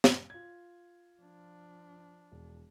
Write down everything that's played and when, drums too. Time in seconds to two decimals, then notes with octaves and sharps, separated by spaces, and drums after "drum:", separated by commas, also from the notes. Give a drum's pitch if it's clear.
0.04 drum: snare
0.30 F4 G#6
1.18 F3 D4
2.32 E1